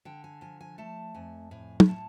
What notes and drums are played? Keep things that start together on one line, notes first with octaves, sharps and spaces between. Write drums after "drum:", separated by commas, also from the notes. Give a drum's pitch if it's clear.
D3 G5
G#5
F3 G#5
G#5
A3 A5
F2 G#5
A2 G#5
G#5, drum: tom
A2 A5